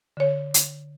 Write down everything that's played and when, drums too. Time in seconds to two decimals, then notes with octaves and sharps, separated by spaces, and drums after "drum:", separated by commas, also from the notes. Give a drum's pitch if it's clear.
0.17 D3 C#5
0.54 drum: hi-hat